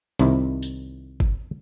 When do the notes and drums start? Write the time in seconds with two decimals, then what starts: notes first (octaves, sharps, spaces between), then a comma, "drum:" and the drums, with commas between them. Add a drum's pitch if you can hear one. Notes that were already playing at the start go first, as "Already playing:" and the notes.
0.19 C2 C3 D#3 E4, drum: hi-hat
0.62 drum: tambourine
1.20 drum: kick G1